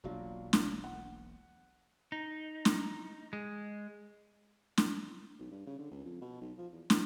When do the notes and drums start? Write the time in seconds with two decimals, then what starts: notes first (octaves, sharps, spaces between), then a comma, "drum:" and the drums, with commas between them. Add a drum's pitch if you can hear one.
0.04 E1 B1 F#3 A#3 D4 F4
0.53 drum: snare
0.84 F#5
2.12 D#4
2.65 drum: snare
3.33 G#3
4.78 drum: snare
5.39 B1
5.52 G2
5.66 C#3
5.78 D3
5.91 C#2
6.05 F2
6.22 B2
6.42 B1
6.58 F3
6.73 E2
6.90 E3, drum: snare